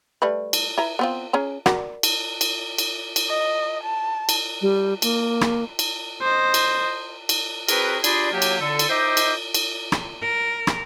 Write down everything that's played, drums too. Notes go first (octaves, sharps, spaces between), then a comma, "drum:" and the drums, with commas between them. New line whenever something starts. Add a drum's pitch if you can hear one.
G3 A3 B4
drum: cymbal
E4 B4 A#5
B3 C4 F4
C#4 G#4 A#5
F#4 A#4 D5, drum: rim click
drum: cymbal
drum: cymbal
drum: cymbal
drum: cymbal
D#5
A5
drum: cymbal
G3
A#3, drum: cymbal
drum: rim click
drum: cymbal
C5 D#5
drum: cymbal
drum: cymbal
C4 F#4 G#4 A#4 B4, drum: cymbal
D4 F4 G4 G#4 D5 B5, drum: cymbal
F#3 A#3 G4
drum: cymbal
D3 A4
drum: cymbal
D#4 C5 D#5 E5 G5 D6
drum: cymbal
drum: cymbal
drum: rim click
A#4
drum: rim click